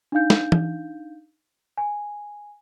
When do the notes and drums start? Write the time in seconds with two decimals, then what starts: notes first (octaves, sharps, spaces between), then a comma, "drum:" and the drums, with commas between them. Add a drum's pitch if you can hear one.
0.12 D4 D#4 F5 G6
0.30 drum: snare
0.52 drum: tom E3
1.77 G#5